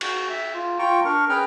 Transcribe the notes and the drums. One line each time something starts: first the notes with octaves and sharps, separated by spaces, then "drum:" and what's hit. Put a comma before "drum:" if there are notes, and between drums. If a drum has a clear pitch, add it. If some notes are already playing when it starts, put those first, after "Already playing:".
F#4, drum: cymbal
E5
F4
F4 G5 A#5 C#6
D4 A#4 C#6
C#4 G#4 B4 G5 A#5 F6